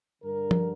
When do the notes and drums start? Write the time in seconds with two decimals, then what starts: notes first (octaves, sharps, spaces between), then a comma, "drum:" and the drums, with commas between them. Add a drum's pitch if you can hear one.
0.22 G2 D3 A#4
0.51 drum: tom F3